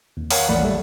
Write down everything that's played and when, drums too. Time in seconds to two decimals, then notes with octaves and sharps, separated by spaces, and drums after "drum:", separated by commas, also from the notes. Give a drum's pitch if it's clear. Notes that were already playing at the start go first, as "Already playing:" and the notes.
0.17 D#2
0.31 A#4 C#5 F5 F#5, drum: open hi-hat
0.49 A1 D#2 A3 D5 F#5 B5
0.63 G3 A3